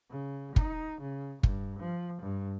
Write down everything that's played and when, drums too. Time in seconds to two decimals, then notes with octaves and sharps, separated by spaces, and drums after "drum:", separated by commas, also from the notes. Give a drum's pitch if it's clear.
0.10 C#3
0.56 D#4, drum: kick
1.01 C#3
1.43 G2, drum: kick
1.79 F3
2.22 G2